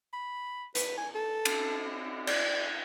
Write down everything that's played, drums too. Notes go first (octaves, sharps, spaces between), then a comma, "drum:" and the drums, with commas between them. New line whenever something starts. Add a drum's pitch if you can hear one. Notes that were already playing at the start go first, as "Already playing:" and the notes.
B5
B4, drum: hi-hat
G#5
A4
drum: cymbal
D5, drum: cymbal